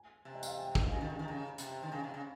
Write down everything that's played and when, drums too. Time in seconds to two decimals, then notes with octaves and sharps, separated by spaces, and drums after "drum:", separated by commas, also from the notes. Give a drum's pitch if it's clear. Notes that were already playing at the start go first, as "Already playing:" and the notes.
Already playing: G#5
0.25 C3
0.35 D#5
0.43 F5, drum: tambourine
0.51 G5
0.58 G#5
0.67 G5
0.75 D#5, drum: kick
0.83 F5
0.92 C#3 G#5
1.01 D#3
1.10 C#3
1.19 D#3
1.25 C#3 A#5
1.58 C3, drum: hi-hat
1.83 D#3
1.92 C#3 G#5
2.03 C3
2.14 C#3